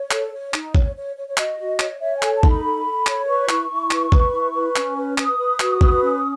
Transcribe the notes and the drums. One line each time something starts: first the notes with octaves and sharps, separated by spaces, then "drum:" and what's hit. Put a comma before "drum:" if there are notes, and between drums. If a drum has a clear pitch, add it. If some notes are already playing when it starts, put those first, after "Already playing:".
Already playing: C#5
A4, drum: clap
C#5
D#4, drum: clap
C#5, drum: kick A1
C#5
C#5
C#5
F#4 D#5, drum: clap
F#4
C#5, drum: clap
C#5 E5
G#5
A4, drum: clap
A5
D#4, drum: kick A1
B5
A4
A4
C#5, drum: clap
B4 C#6
E4, drum: clap
E4
B4, drum: clap
B4, drum: kick A1
E4
B4
C#4, drum: clap
B4
B4 D#6, drum: clap
B4
F#4, drum: clap
B4, drum: kick A1
C#4